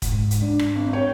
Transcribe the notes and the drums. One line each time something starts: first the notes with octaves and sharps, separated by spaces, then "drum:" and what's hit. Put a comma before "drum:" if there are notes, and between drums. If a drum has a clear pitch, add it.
G#2, drum: kick, hi-hat
drum: hi-hat
D4
drum: rim click
G#1
C#5 G5